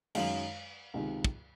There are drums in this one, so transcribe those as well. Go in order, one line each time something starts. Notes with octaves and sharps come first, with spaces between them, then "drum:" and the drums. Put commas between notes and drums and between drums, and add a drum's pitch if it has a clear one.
F#2 D#3 G#3 F5, drum: cymbal
C#2 C3 D#3
drum: kick